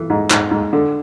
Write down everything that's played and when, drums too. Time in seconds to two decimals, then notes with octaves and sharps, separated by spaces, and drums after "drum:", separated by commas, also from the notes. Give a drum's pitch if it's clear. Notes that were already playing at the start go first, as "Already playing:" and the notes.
Already playing: E3
0.10 G#2
0.30 G#2, drum: clap
0.51 G#2
0.73 D3